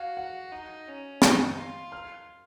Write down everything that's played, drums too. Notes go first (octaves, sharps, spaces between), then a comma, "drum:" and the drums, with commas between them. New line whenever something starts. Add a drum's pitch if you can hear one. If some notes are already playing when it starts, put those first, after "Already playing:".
Already playing: F#4 F5
F#5
D#4
C#4
D#4, drum: snare
F4
F6